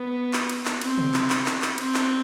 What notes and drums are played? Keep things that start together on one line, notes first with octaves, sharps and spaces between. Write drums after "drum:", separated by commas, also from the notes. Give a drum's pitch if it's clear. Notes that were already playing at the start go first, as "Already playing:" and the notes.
Already playing: B3
drum: clap
drum: cymbal
drum: clap
C4, drum: cymbal
drum: tom C3
drum: clap
drum: clap
drum: clap
drum: clap
C4, drum: cymbal
drum: clap